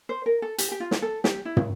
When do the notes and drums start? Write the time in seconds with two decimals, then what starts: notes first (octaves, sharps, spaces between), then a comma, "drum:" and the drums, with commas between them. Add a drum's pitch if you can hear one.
0.09 C5
0.26 A#4
0.42 A4
0.58 G4, drum: hi-hat
0.72 G4
0.80 F4
0.91 drum: snare
1.02 A4
1.24 G4, drum: snare
1.45 E4
1.57 drum: tom